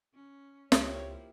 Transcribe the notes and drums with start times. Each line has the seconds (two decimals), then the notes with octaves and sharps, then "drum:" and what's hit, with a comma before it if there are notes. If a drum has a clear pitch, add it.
0.14 C#4
0.72 C#2 F3 A#3 E4 G4 C#5, drum: snare